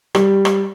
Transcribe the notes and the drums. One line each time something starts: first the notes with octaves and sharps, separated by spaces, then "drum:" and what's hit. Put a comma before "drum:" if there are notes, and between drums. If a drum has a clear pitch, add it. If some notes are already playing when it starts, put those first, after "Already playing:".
G3, drum: rim click
drum: rim click